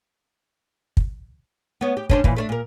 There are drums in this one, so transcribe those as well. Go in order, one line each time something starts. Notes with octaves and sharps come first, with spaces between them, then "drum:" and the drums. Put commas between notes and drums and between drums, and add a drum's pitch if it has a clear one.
drum: kick
B3 C#4
G4
C#4 D4 C5, drum: kick
A#2 E3, drum: kick
A3 C#4 D4
A#2 A#4